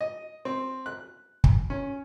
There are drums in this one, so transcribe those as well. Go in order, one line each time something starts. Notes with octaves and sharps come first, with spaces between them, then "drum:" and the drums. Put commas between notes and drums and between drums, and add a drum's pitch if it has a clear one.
D#5
C4
F#6
drum: kick
C#4